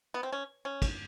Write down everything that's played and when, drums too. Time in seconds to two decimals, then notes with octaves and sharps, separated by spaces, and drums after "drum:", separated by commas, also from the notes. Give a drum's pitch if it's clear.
0.14 B3
0.23 C4
0.32 C#4
0.65 C#4
0.82 drum: kick, cymbal